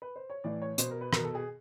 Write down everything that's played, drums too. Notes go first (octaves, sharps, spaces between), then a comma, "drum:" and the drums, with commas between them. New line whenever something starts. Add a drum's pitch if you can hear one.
B4
C5
C#5
A2 E3 D5
C#5
B2 C5, drum: hi-hat
A#4
B4
B2 A#4, drum: rim click
A4
G#4